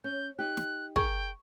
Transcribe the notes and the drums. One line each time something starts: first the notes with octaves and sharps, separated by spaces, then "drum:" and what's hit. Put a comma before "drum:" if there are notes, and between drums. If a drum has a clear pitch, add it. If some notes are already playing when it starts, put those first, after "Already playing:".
C#4 G6
D#4 G4 F#6
drum: snare
G#4 A#4 G5 C#6, drum: kick